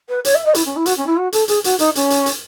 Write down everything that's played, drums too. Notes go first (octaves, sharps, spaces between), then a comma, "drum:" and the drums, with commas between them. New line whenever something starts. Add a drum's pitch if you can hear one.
B4
C#5, drum: hi-hat
E5
D#5
E4, drum: hi-hat
C#4
E4
F#4, drum: hi-hat
C#4
E4
F#4
A4, drum: hi-hat
G#4, drum: hi-hat
F#4, drum: hi-hat
D#4, drum: hi-hat
C#4, drum: hi-hat
drum: hi-hat
drum: hi-hat